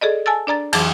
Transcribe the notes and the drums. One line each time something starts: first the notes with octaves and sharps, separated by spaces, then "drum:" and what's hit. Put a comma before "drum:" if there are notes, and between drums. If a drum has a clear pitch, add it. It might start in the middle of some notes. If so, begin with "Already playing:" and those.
G#4 A4 D5 D#5
G#5 A5 E6 A6
D4 D5 A#5 A6
F2 E3 F#3 G#4 D6, drum: cymbal